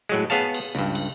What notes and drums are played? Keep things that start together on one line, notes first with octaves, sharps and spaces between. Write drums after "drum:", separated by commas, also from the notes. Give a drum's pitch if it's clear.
A2 F#3 G#3
B3 G#4 C#5 F5 A5
drum: cymbal
C#2 G2, drum: snare
drum: cymbal